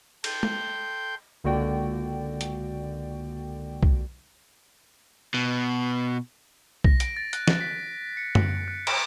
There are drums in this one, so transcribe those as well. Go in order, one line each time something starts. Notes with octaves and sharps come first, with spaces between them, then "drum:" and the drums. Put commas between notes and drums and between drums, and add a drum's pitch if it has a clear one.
A4 G5 C6 G6, drum: cymbal
drum: tom G#3
C#2 D3 A#3 F#4 D5 G5
drum: hi-hat
drum: kick B1
B2
A#6, drum: kick B1
D7, drum: hi-hat
A6
F#6, drum: hi-hat
drum: snare
B6
C#7
drum: tom F#2
F#6
D7, drum: cymbal